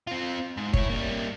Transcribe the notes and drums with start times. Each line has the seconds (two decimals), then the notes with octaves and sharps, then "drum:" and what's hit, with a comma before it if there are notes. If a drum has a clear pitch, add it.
0.07 C4 F4
0.57 G#2
0.73 E4 C#5, drum: kick
0.89 G3 A#3